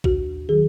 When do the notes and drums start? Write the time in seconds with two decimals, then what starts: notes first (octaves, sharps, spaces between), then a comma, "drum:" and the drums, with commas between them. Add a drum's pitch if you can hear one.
0.04 D#2 F#4, drum: kick
0.49 D#3 F#3 G#4